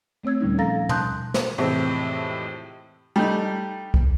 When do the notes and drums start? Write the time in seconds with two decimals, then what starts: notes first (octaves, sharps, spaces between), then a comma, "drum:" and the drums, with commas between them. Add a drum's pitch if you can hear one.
0.24 A3 C4 C#5 E6 G#6
0.40 D#2 A#2 D3 G3 C#4 D#4
0.58 F3 A4 F5 A#5 A6 A#6
0.89 A5 C6 D#6 F#6 G6, drum: tom
1.34 drum: snare
1.58 F2 A2 C3 E3 G#3 C4
3.16 G3 A3 D#4
3.94 drum: kick